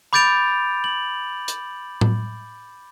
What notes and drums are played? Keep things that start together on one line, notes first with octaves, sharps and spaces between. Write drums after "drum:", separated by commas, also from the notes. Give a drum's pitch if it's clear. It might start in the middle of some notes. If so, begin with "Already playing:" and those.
B5 D6 G6 A6 D7 F7
F#7
drum: hi-hat
drum: tom A2